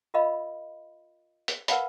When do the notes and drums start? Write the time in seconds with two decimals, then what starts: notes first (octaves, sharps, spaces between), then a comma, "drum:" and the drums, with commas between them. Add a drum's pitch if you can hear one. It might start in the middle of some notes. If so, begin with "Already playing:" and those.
0.14 F4 A#4 D#5 F5 B5
1.48 drum: hi-hat
1.68 A#4 B4 F5 F#5 A5 B5, drum: hi-hat